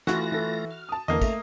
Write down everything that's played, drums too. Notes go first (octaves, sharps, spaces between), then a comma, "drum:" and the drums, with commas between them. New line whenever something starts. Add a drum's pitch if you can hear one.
E3 A3 F4 F#4 A#6, drum: snare
E3 A4
F6
A5 D#6
E2 D3 E3 A#3 D#5
A3 A#5, drum: kick, tambourine